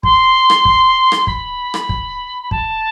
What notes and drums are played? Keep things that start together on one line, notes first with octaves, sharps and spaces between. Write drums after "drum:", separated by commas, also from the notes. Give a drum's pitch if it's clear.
C6, drum: kick
drum: rim click
drum: kick
drum: rim click
B5, drum: kick
drum: rim click
drum: kick
B5
A5, drum: kick